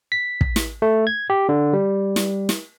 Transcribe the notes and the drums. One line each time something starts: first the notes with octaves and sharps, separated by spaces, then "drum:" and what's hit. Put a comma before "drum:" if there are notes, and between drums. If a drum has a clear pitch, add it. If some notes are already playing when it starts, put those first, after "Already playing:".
B6
drum: kick
drum: snare
A3
G#6
G4
D3
G3
drum: snare
drum: snare